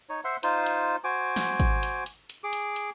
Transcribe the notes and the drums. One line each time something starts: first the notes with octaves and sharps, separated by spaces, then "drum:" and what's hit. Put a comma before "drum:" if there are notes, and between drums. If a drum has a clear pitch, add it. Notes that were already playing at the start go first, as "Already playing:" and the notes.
D#4 C#5
C5 E5 F#5 C6
D#4 F4 C5, drum: hi-hat
drum: hi-hat
F#4 C5 G#5 D6
drum: snare
drum: kick G#1, hi-hat
drum: hi-hat
drum: hi-hat
drum: hi-hat
G#4 D6
drum: hi-hat
drum: hi-hat